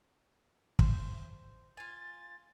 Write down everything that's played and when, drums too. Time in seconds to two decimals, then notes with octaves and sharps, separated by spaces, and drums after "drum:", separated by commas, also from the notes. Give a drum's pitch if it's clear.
0.79 C5, drum: kick
1.77 F4 G#5 A6